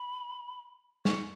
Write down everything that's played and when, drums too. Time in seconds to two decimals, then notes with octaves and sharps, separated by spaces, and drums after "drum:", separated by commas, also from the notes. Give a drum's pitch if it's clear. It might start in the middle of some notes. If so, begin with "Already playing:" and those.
Already playing: B5
1.05 C#6, drum: snare